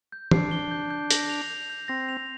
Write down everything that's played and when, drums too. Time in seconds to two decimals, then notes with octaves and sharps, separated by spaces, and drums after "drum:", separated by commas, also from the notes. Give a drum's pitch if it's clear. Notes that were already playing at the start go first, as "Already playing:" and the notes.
0.12 G6
0.31 D4 C7, drum: tom
0.51 G7
0.71 G6
0.91 G6
1.11 A#6, drum: hi-hat
1.29 F7
1.50 G6
1.70 G6
1.88 C4 A#6
2.09 F7